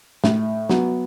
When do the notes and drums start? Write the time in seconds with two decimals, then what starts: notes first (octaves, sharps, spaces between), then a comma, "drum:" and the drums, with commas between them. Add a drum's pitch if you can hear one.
0.24 A2, drum: snare
0.69 F#3 B3, drum: snare